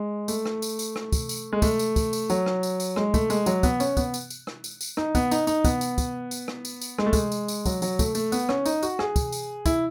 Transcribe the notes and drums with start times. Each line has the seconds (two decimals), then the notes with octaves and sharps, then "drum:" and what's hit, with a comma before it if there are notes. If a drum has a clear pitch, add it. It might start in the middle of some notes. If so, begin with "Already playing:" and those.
Already playing: G#3
0.28 A3, drum: tambourine
0.46 drum: rim click
0.62 drum: tambourine
0.79 drum: tambourine
0.96 drum: rim click
1.12 drum: kick, tambourine
1.29 drum: tambourine
1.53 G#3
1.62 A3, drum: kick, tambourine
1.79 drum: tambourine
1.96 drum: kick, tambourine
2.13 drum: tambourine
2.30 F#3, drum: tambourine
2.46 drum: rim click
2.63 drum: tambourine
2.80 drum: tambourine
2.96 G#3, drum: rim click
3.14 A3, drum: kick, tambourine
3.30 G#3, drum: tambourine
3.46 F#3, drum: tambourine
3.63 B3, drum: kick, tambourine
3.80 C#4, drum: tambourine
3.97 B3, drum: kick, tambourine
4.14 drum: tambourine
4.30 drum: tambourine
4.47 drum: rim click
4.64 drum: tambourine
4.81 drum: tambourine
4.97 D#4, drum: rim click
5.15 B3, drum: kick, tambourine
5.31 D#4, drum: tambourine
5.47 D#4, drum: tambourine
5.65 B3, drum: kick, tambourine
5.81 drum: tambourine
5.98 drum: kick, tambourine
6.31 drum: tambourine
6.48 drum: rim click
6.65 drum: tambourine
6.81 drum: tambourine
6.98 G#3, drum: rim click
7.06 A3
7.13 G#3, drum: kick, tambourine
7.32 drum: tambourine
7.48 drum: tambourine
7.66 F#3, drum: kick, tambourine
7.82 F#3, drum: tambourine
7.99 A3, drum: kick, tambourine
8.15 A3, drum: tambourine
8.32 B3, drum: tambourine
8.49 C#4, drum: rim click
8.66 D#4, drum: tambourine
8.83 F#4, drum: tambourine
8.99 G#4, drum: rim click
9.16 drum: kick, tambourine
9.33 drum: tambourine
9.66 E4, drum: kick, tambourine